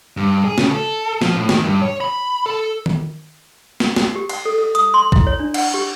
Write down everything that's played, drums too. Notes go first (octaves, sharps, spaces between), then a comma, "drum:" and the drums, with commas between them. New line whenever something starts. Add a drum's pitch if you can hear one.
G2
G#4
C#3, drum: snare
A4
F3, drum: snare
A2
D#3, drum: snare
G2
C#5
B5
A4
drum: tom D#3
drum: snare
G5, drum: snare
G4
G5, drum: cymbal
A4
A4
D#6, drum: hi-hat
C6
E4, drum: kick
C#5
D4
F#5, drum: cymbal
G4